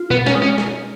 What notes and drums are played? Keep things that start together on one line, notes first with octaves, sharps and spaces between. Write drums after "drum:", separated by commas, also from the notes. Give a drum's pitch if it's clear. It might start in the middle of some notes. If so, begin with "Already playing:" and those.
Already playing: F4
B2 B3
C#4, drum: snare
G#3
C#4
drum: snare